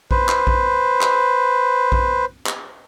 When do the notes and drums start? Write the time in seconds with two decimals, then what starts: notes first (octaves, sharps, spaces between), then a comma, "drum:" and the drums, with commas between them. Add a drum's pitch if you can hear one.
0.11 B4 C5, drum: kick A#1
0.29 drum: clap
0.47 drum: kick A#1
1.01 drum: clap
1.92 drum: kick A#1
2.46 drum: clap